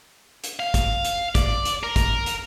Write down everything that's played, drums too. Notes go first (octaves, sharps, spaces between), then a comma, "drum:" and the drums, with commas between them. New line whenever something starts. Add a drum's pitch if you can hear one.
drum: hi-hat
F5
drum: kick, hi-hat
drum: hi-hat
D5, drum: kick, hi-hat
drum: hi-hat
A#4
drum: kick, hi-hat
drum: hi-hat